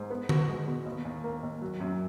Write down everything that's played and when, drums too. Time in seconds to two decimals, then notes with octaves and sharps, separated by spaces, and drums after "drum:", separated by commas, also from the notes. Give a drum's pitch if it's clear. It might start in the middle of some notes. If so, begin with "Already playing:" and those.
Already playing: G#2
0.10 B3
0.29 F#4, drum: tom D3
0.49 G#3
0.67 B2
0.86 D#2
1.05 D#2
1.24 A#3
1.43 D#2
1.62 F#3
1.80 F#2